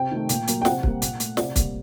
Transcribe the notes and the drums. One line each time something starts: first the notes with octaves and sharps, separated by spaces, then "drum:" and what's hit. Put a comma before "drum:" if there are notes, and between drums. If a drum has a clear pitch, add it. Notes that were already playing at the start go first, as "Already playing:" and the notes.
Already playing: C3 G5
D#3 A3
A#2, drum: hi-hat
F#3 A#3, drum: hi-hat
G5
C3 F#5, drum: snare
G3 A#3, drum: kick
A#2, drum: hi-hat
A3, drum: hi-hat
C3 D5, drum: snare
G3 A#3, drum: kick, hi-hat